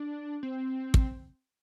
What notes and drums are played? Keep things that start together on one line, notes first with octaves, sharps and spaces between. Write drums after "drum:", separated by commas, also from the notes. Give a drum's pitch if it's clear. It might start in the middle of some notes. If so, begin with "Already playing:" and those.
Already playing: D4
C4
drum: kick